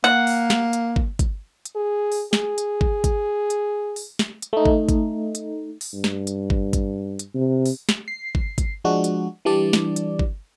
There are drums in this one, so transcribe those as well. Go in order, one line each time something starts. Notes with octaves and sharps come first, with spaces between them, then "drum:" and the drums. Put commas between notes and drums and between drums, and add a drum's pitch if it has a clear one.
A#3 F#5
drum: open hi-hat
drum: snare
drum: hi-hat
drum: kick
drum: kick, hi-hat
drum: hi-hat
G#4
drum: open hi-hat
G#4, drum: snare
drum: hi-hat
drum: kick
drum: kick, hi-hat
drum: hi-hat
drum: open hi-hat
drum: snare
drum: hi-hat
A3 D#4
drum: kick
drum: kick, hi-hat
drum: hi-hat
drum: open hi-hat
G2
drum: snare
drum: hi-hat
drum: kick
drum: kick, hi-hat
drum: hi-hat
C3
drum: open hi-hat
drum: snare
C7
drum: kick
drum: kick, hi-hat
F3 G#3 D4 F#4
drum: hi-hat
E3 G3 D4 D5
drum: snare
drum: hi-hat
drum: kick